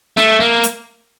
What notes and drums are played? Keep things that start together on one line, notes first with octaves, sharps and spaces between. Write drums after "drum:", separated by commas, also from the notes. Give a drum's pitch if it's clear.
A3 E5, drum: snare
A#3
drum: hi-hat